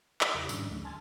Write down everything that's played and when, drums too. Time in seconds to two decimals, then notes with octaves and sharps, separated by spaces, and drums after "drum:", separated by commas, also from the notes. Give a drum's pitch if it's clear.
0.21 E5 C#6, drum: clap
0.34 E2 C#3 F3 E4 G4
0.49 G#2 D#3 G3 C#4 D4, drum: tambourine
0.71 D2 D3 F#3 G#3 A3
0.85 G#5 A5 C6 F6 G#6 A6